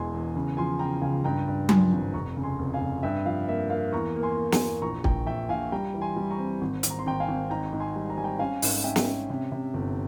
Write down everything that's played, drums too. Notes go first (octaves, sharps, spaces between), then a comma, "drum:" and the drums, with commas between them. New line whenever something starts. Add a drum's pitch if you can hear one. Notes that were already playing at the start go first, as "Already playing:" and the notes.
Already playing: E1 E2 G#3 G#5 C6
E2
C#3
F3 G#5 C6
C#3 G5 A#5
C#2 F5 G#5
G2 G5 A#5
G2
F3 G#5 C6, drum: tom F#3
G#1
F1 A#5 C#6
C#3
G#5 C6
F1
F5 G#5
F1
G2 E5 G5
F3 F5
A#3 E5
A#3 F5
E2 A#5 C#6
A#3
G#5 C6
A#3
G#5 C6, drum: snare
E2
A#1 A#5 C#6
A#1 G5 A#5, drum: kick
A#1 E5 G5
A#1 F5 G#5
G3 G5 A#5
E3
G#5 C6
G3
A#5 C#6
C4
G#1
G#1, drum: hi-hat
A#5
C6
G#1 G5 A#5
F5 G#5
G#1
G#2 G5 A#5
G#2
G#5 C6
G3
A#5
G3 G#5
G5 A#5
C#4 F5 G#5
G#2, drum: open hi-hat
C#4 E5 G5
drum: snare
C#4
C3
C3
G1